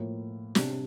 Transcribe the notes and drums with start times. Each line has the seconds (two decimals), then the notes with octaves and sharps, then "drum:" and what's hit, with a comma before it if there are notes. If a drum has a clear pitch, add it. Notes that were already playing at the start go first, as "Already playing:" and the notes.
Already playing: A2 F3 A#3
0.55 C3 G3 D4, drum: snare